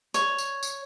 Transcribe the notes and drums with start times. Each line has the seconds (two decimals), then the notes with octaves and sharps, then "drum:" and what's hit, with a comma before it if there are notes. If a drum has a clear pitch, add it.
0.14 C#5, drum: tambourine
0.38 drum: tambourine
0.63 drum: tambourine